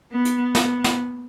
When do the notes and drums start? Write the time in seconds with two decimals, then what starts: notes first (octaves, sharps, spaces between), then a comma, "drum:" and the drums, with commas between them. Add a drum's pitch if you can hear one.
0.11 B3
0.25 drum: hi-hat
0.55 B3, drum: snare
0.84 drum: snare